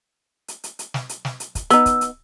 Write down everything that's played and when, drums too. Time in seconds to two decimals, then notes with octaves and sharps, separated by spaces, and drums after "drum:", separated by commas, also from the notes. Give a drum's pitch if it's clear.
0.48 drum: hi-hat
0.64 drum: hi-hat
0.79 drum: hi-hat
0.94 drum: snare
1.09 drum: hi-hat
1.25 drum: snare
1.40 drum: hi-hat
1.55 drum: kick, hi-hat
1.70 B3 D#4 E6, drum: hi-hat
1.86 drum: kick, hi-hat
2.01 drum: hi-hat